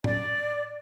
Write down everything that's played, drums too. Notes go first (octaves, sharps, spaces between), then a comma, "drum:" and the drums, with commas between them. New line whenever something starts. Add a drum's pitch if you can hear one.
D5, drum: tom A2